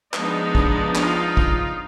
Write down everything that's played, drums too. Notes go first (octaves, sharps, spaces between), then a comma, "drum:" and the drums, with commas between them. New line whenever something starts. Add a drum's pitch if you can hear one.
F3 G#3 B3 D4 D#4, drum: clap
drum: kick
D#4 F4, drum: clap
drum: kick